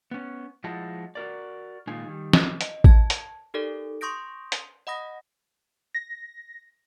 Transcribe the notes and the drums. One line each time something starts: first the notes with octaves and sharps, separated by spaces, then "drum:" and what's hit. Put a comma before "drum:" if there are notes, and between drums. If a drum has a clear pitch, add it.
B3 C#4
F3 G#3 E4 D#5 F#5 A5
F#4 A#4 D5
A#2 D#3 G#3 D#4 F4 G#5
D#3 G3
drum: snare
D#5, drum: hi-hat
A5 G#6, drum: kick A1
drum: hi-hat
D#4 G4 A4 A#4 D5
C6 C#6 D#6 G6 A#6 D7
drum: hi-hat
D#5 F#5 B5 D#6 A#6
A#6